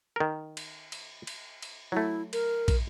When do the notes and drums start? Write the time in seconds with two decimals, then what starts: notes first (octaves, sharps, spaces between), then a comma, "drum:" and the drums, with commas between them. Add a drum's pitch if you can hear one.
0.16 D#3 A#4
0.57 drum: cymbal
0.92 drum: cymbal
1.27 drum: cymbal
1.62 drum: cymbal
1.92 F#3 A3 E4
2.33 A#4, drum: cymbal
2.68 drum: kick, cymbal